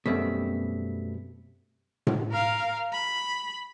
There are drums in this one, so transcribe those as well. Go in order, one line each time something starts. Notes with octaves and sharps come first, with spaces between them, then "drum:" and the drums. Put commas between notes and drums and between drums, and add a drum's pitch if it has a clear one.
F#2 B2 G3 A3 C4 B6
drum: tom A2
A#4 F5
B5